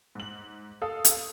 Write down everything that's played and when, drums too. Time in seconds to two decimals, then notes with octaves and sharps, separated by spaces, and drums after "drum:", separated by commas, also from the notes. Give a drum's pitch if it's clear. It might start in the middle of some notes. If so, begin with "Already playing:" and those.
0.15 G#2 F#7
0.82 A4 F5 D#6
1.05 drum: hi-hat